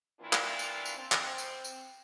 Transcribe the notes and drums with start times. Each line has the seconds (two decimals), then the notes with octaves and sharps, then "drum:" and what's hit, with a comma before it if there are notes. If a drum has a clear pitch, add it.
0.20 E3 A#3 C4 D4 E4 F4
0.33 drum: clap
0.59 drum: tambourine
0.86 drum: tambourine
0.96 C4
1.12 drum: clap
1.38 drum: tambourine
1.64 drum: tambourine